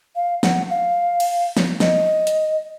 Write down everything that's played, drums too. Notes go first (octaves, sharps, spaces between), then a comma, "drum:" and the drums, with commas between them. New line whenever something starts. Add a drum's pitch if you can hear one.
F5
F#5, drum: snare
F5
drum: cymbal
drum: snare
D#5, drum: snare
drum: hi-hat